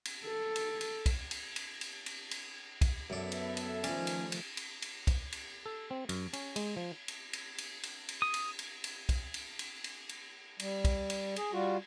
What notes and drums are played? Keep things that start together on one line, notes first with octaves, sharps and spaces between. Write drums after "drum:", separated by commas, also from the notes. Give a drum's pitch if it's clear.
drum: cymbal
A4
drum: cymbal
drum: cymbal
drum: kick, cymbal
drum: cymbal
drum: cymbal
drum: cymbal
drum: cymbal
drum: cymbal
drum: kick, cymbal
F#2 B3 A4 D5 E5
drum: cymbal
drum: cymbal
D#3 F3 A3 C#4 D5, drum: cymbal
drum: cymbal
drum: cymbal
drum: cymbal
drum: cymbal
drum: kick, cymbal
drum: cymbal
A4
C4
F#2, drum: cymbal
C#4, drum: cymbal
G#3, drum: cymbal
F3
drum: cymbal
drum: cymbal
drum: cymbal
drum: cymbal
drum: cymbal
D#6
drum: cymbal
drum: cymbal
drum: cymbal
drum: kick, cymbal
drum: cymbal
drum: cymbal
drum: cymbal
drum: cymbal
G3, drum: cymbal
drum: kick, cymbal
drum: cymbal
G#4, drum: cymbal
G3 F4 F#4